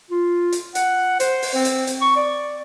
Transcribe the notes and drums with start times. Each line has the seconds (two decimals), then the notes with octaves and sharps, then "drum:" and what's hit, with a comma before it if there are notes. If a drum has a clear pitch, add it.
0.11 F4
0.52 drum: hi-hat
0.75 F#5, drum: hi-hat
1.20 C5, drum: hi-hat
1.42 drum: open hi-hat
1.54 C4
1.65 drum: hi-hat
1.87 drum: hi-hat
2.01 C#6
2.16 D5